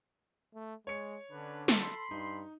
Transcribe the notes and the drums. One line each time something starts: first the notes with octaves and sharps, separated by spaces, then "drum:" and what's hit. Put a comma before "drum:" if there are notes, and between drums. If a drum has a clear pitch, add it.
A3
G#3 C#5 C#7
D3 C#4 D4 B4
A4 B5 C6, drum: snare
G2 D#4